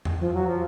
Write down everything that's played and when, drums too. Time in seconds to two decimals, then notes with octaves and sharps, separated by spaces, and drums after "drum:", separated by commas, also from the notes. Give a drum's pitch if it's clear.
0.05 drum: tom E2
0.20 F3
0.34 F#3
0.48 F3